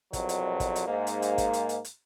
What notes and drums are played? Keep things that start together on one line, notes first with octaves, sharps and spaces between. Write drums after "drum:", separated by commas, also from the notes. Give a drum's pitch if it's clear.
C2 F2 B2 F#3, drum: kick, hi-hat
drum: hi-hat
drum: kick, hi-hat
drum: hi-hat
G#2 A#3
drum: hi-hat
drum: hi-hat
drum: kick, hi-hat
drum: hi-hat
drum: hi-hat
drum: hi-hat